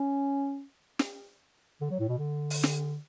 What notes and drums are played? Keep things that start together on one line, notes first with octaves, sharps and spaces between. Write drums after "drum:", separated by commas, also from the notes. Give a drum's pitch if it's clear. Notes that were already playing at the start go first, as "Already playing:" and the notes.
Already playing: C#4
drum: snare
D3
F#3
A2
B2
D3
drum: open hi-hat
drum: snare